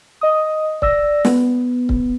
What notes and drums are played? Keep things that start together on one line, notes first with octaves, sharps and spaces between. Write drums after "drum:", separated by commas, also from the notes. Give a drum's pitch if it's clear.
D#5 D#6
D5 E6 A#6, drum: kick C#1
B3, drum: snare
drum: kick C#1